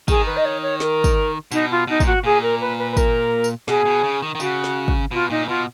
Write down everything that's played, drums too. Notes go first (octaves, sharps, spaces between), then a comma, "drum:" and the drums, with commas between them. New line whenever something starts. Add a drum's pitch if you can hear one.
D#3 G#4, drum: kick, tambourine
B4
D#5
C#5
C#5
A#4, drum: snare
drum: kick, tambourine
B2 D#4, drum: tambourine
F4
B2 D#4
A#2, drum: kick, tambourine
F#4
A#2 G#4
A#4
B4
B4
B4
A#4, drum: kick, tambourine
drum: tambourine
B2 G#4, drum: snare
B2
C#3
D#3
D#3
C#3 F#4, drum: tambourine
drum: snare
drum: kick
B2 F4
A#2 D#4
B2 F4